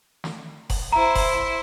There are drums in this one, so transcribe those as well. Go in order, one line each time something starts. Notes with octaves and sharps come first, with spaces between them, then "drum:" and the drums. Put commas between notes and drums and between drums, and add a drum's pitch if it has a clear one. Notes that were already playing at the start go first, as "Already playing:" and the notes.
drum: snare
drum: kick F1, open hi-hat
E4 C5 A#5
drum: kick F1, open hi-hat